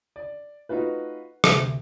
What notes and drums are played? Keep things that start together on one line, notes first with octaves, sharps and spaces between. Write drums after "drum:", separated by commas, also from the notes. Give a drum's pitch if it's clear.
D5
A3 D#4 F4 F#4 B4
D2 C3, drum: rim click